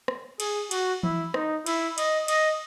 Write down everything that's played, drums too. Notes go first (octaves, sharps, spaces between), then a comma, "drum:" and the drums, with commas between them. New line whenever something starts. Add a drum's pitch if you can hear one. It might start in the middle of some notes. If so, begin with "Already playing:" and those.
drum: rim click
G#4, drum: cymbal
F#4, drum: cymbal
E4, drum: tom E3
D#4, drum: rim click
E4, drum: cymbal
D#5, drum: cymbal
D#5, drum: cymbal